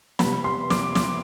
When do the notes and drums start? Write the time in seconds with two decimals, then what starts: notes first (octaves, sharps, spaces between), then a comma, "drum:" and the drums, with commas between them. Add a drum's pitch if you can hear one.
0.19 C3 G3 B3 B5, drum: snare
0.44 C6
0.70 D6, drum: snare
0.95 D6, drum: snare